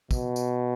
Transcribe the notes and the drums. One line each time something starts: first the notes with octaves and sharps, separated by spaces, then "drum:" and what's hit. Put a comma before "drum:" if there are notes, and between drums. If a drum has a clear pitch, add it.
B2, drum: kick, tambourine
drum: tambourine